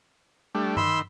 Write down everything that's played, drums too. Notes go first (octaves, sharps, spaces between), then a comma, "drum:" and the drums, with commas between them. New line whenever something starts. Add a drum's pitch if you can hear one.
G3 A3 D4
D#3 B5 C6 E6, drum: tom G2